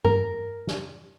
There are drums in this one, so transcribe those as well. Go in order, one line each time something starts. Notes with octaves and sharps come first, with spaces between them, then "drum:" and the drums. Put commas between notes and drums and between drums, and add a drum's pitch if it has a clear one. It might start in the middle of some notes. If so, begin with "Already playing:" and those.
A#4, drum: tom G2
drum: snare